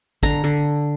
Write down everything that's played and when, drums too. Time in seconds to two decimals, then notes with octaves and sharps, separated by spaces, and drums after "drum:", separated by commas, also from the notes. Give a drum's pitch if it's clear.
0.23 D3 A#5, drum: kick
0.44 D3